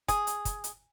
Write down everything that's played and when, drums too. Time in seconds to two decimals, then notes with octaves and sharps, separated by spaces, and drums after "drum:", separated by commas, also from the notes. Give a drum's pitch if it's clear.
0.08 G#4, drum: kick, hi-hat
0.27 drum: hi-hat
0.45 drum: kick, hi-hat
0.64 drum: hi-hat